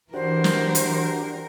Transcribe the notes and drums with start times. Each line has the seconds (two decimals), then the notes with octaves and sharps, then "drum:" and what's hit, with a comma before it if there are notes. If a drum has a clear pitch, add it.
0.14 E3 D4 F#4 G4 A#4 C5
0.44 drum: snare
0.75 drum: hi-hat